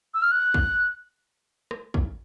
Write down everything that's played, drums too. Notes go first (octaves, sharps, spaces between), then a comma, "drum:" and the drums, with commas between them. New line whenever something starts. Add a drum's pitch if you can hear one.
E6
F6
F#6
drum: kick
drum: rim click
drum: kick